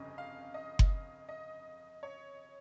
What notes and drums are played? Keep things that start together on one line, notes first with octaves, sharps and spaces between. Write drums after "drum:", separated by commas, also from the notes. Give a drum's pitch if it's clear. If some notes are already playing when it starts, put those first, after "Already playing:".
Already playing: G1 F2 C#3 D#5
F5
D#5
drum: kick F#1
D#5
C#5